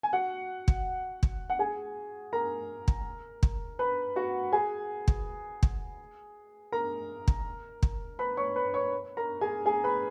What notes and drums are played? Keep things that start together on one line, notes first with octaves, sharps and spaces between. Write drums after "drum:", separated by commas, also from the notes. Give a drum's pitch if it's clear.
G#5
F#4 F#5
drum: kick
drum: kick
F#5
G#4 G#5
A#4 A#5
drum: kick
drum: kick
B4 B5
F#4 F#5
G#4 G#5
drum: kick
drum: kick
A#4 A#5
drum: kick
drum: kick
B4 B5
C#5 C#6
B4 B5
C#5 C#6
A#4 A#5
G#4 G#5
G#4 G#5
B4 B5